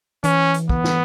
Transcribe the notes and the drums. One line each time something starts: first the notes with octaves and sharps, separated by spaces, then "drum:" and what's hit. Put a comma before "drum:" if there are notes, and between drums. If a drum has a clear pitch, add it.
E3 C#4, drum: hi-hat
drum: hi-hat
B3, drum: kick
drum: snare